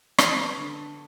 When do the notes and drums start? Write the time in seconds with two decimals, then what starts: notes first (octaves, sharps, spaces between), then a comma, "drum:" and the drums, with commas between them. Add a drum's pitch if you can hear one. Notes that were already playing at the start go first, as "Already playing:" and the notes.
0.18 B3 A5, drum: rim click
0.57 D3